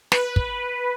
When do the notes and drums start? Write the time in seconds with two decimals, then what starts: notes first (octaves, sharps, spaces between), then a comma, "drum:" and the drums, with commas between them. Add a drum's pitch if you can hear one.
0.12 B4, drum: snare
0.36 drum: kick